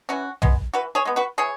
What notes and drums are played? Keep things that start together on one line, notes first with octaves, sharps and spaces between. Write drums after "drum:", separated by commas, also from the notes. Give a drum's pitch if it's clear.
E3 C#4 F#4
G#3 B3, drum: tom
E3 F#4 B4
G#4 C#5
G#3 B3
F#4 B4
E3 G#4 C#5